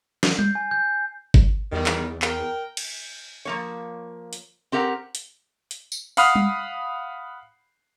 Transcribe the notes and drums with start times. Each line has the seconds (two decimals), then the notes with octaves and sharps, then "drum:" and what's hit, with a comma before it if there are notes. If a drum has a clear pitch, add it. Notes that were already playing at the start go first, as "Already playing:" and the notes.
0.23 C7, drum: snare
0.39 G6, drum: tom G3
0.55 G#5
0.71 G6
1.34 drum: kick G1
1.72 E2 D#3 G3
1.86 drum: clap
2.22 A#4 G5, drum: clap
2.77 drum: cymbal
3.45 F3 A#3 C#5
4.33 drum: hi-hat
4.72 C4 G4 A#4 F#5
5.15 drum: hi-hat
5.71 drum: hi-hat
5.92 drum: tambourine
6.17 F5 F#5 B5 D#6 F6 C7, drum: open hi-hat
6.35 drum: tom G3